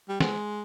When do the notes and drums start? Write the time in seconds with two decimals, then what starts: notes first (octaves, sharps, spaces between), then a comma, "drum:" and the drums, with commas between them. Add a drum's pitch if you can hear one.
0.09 G3
0.20 G#3, drum: snare